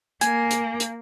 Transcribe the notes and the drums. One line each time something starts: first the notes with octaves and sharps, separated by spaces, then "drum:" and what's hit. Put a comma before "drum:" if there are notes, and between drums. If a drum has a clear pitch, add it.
A#3 G#5, drum: hi-hat
drum: hi-hat
drum: hi-hat